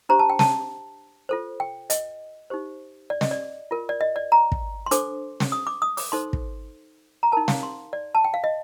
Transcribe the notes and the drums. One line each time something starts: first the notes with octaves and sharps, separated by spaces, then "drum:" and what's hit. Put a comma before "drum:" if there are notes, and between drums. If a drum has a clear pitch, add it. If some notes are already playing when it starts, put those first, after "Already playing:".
D4 G4 C5 A#5
A5
G5
A5, drum: snare
F4 A4 C5
G5
D#5, drum: hi-hat
D#4 G4 C5
D5
D#5, drum: snare
D5
F4 A#4
D5
D#5
D5
A#5
drum: kick
C6
D4 A4 C5 D6, drum: hi-hat
drum: snare
D#6
D6
D#6
D6, drum: open hi-hat
D#4 A4 C5 C6
drum: kick
A#5
D#4 A#4 A5
F5, drum: snare
C6
D5
A5
G5
F5
D#5